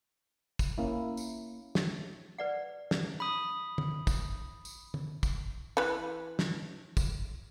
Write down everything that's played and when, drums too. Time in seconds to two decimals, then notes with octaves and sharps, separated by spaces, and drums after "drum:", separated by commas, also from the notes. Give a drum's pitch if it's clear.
0.59 drum: kick, tambourine
0.78 A#3 C#4 E4
1.17 drum: tambourine
1.75 drum: snare
2.38 B4 D5 F#5
2.91 drum: snare
3.20 B5 D#6
3.78 drum: tom
4.07 drum: kick, tambourine
4.65 drum: tambourine
4.94 drum: tom
5.23 drum: kick, tambourine
5.77 E3 B4
6.39 drum: snare
6.97 drum: kick, tambourine